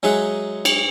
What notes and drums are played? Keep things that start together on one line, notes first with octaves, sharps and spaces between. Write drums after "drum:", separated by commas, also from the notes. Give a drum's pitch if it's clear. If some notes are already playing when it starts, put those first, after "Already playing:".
F#3 G#3 D#4 G#4 E5 F#5
drum: cymbal